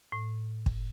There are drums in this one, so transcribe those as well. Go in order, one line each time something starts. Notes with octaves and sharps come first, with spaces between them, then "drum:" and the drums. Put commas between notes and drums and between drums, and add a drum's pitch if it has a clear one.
A2
drum: kick